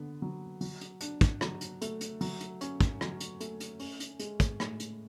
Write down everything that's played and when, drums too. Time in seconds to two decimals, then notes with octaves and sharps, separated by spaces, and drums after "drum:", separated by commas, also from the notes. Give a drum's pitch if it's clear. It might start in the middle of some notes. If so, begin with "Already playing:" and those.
Already playing: D3 B3
0.22 F#3
0.61 F#3, drum: open hi-hat
0.81 drum: hi-hat
1.01 D4, drum: hi-hat
1.21 drum: kick, hi-hat
1.41 F#3, drum: rim click
1.61 drum: hi-hat
1.82 A3, drum: hi-hat
2.01 drum: hi-hat
2.21 F#3, drum: open hi-hat
2.41 drum: hi-hat
2.61 C#4, drum: hi-hat
2.81 drum: kick, hi-hat
3.01 F#3, drum: rim click
3.20 drum: hi-hat
3.40 A3, drum: hi-hat
3.60 drum: hi-hat
3.80 C#4, drum: open hi-hat
4.00 drum: hi-hat
4.19 G#3, drum: hi-hat
4.40 drum: kick, hi-hat
4.60 A2, drum: rim click
4.80 drum: hi-hat